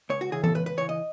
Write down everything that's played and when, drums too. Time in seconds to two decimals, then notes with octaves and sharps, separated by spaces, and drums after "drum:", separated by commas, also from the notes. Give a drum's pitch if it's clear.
0.10 C#2 C#5
0.21 F#4
0.32 C#3 E3 G#4
0.44 A4, drum: tom E3
0.55 C#2 B4
0.66 B4
0.77 C#3 E3 C#5
0.89 D#5